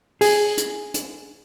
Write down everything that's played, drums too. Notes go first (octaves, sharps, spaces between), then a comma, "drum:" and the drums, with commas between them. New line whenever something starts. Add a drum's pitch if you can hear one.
G#4, drum: open hi-hat
drum: hi-hat
drum: hi-hat